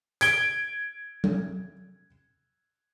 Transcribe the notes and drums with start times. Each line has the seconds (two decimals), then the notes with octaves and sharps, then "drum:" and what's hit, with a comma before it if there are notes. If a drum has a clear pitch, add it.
0.21 G#6 D7 G7, drum: hi-hat
1.24 drum: tom F#3